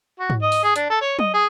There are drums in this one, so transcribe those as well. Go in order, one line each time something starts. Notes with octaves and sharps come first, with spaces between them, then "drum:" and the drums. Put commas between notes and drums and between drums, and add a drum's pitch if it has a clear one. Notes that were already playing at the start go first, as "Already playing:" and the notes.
F#4
drum: tom G#2
D#5
drum: open hi-hat
G#4
D4, drum: hi-hat
A4
C#5
D#5, drum: tom F#3
G#4